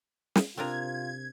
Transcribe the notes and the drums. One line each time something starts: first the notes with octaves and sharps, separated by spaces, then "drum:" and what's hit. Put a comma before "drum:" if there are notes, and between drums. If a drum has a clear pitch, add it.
drum: snare
C3 C4 D4 F4 A#4 G#6